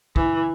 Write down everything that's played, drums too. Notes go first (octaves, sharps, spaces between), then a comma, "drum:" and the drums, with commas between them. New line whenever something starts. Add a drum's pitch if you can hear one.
E3, drum: kick